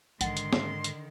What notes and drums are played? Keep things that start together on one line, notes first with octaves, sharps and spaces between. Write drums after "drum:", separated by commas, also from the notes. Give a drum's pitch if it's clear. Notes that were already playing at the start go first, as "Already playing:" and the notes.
A#1 G#2 D3 D#3 F#5 C6 A6, drum: hi-hat
drum: hi-hat
drum: snare
drum: hi-hat